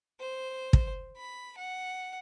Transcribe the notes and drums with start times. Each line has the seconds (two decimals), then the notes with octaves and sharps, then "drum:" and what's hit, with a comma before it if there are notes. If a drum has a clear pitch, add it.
0.21 C5
0.73 drum: kick
1.17 B5
1.57 F#5